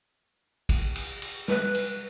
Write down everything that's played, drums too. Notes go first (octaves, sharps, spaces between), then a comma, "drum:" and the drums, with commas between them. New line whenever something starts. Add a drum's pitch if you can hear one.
drum: kick, cymbal
drum: cymbal
drum: cymbal
B4, drum: snare
drum: cymbal